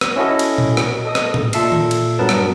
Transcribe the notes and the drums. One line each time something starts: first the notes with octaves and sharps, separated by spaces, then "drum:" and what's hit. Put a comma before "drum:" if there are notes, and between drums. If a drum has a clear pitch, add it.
drum: rim click
C#4 E4 F#4 A4 D#5
drum: cymbal
drum: tom A#2
drum: rim click
A4 D#5 D#6
drum: rim click
drum: tom A2
A#2 F4 A4 E5 E6 C7, drum: cymbal
drum: tom D#3
drum: cymbal
G2 F#3 B3 A#4 B4 A5
drum: rim click